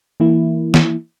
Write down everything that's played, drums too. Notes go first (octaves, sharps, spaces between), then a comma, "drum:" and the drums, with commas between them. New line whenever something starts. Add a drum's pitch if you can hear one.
E3 A#3 E4
drum: snare